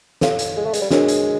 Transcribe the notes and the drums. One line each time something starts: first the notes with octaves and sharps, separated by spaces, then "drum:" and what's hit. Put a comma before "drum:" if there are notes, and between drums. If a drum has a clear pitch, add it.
A4 C#5 F5, drum: snare
drum: hi-hat
G#3
A3
G#3, drum: hi-hat
G3
G#3 D4 F#4 A#4 C#5, drum: snare
drum: hi-hat